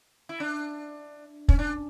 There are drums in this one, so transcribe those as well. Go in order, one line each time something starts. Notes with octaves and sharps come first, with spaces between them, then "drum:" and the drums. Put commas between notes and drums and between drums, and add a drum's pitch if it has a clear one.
E4
D4
C#4, drum: kick
D4